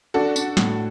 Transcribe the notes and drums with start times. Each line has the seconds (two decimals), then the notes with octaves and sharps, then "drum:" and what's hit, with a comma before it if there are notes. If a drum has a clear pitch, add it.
0.14 D4 F#4 A4
0.36 D4, drum: tambourine
0.57 A2, drum: snare